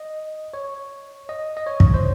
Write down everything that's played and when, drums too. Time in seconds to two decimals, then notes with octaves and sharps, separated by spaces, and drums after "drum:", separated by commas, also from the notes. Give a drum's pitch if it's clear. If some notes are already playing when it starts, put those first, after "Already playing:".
Already playing: D#5
0.53 C#5
1.29 D#5
1.57 D#5
1.67 C#5
1.80 drum: kick
1.94 C5